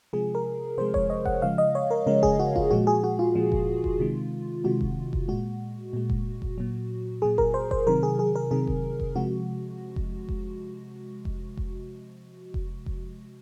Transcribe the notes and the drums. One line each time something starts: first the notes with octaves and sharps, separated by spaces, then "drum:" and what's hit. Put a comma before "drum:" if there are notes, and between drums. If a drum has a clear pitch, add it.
C3 F3 G#3 G#4
A#4
C3 F3 G#3 C5
C#5, drum: kick F1
D#5
F#5, drum: kick F1
C#3 F3 G#3 F5
D#5
C#5
A#4
C#3 F3 G#3 A#4
G#4, drum: kick F1
F#4
F4, drum: kick F1
A#2 F3 G#3 F#4
G#4
F#4
F4
A#2 F3 G#3
drum: kick F1
drum: kick F1
C3 D#3 G#3
C3 D#3 G#3 F#4
drum: kick F1
drum: kick F1
A#2 G#3 F#4
A#2 G#3
drum: kick F1
drum: kick F1
A#2 F#3
A#2 F#3 G#4
A#4, drum: kick F1
C5
C5, drum: kick F1
C3 D#3 F#3 A#4
G#4
G#4
A#4
C3 D#3 F#3 G#4
drum: kick F1
drum: kick F1
C3 F3 G#3 F#4
drum: kick F1
drum: kick F1
drum: kick F1
drum: kick F1
drum: kick F1
drum: kick F1